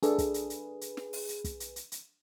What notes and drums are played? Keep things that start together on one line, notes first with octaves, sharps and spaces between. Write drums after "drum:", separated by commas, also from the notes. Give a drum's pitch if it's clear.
D4 G#4 A4 B4, drum: hi-hat
drum: kick, hi-hat
drum: hi-hat
drum: hi-hat
drum: hi-hat
drum: snare
drum: open hi-hat
drum: hi-hat
drum: kick, hi-hat
drum: hi-hat
drum: hi-hat
drum: hi-hat